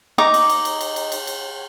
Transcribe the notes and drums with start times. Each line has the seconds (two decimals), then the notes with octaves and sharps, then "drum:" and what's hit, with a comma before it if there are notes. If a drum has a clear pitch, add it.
0.18 D#4 A#5 C#6 D6
0.34 drum: cymbal
0.49 drum: cymbal
0.65 drum: cymbal
0.81 drum: cymbal
0.96 drum: cymbal
1.12 drum: cymbal
1.27 drum: cymbal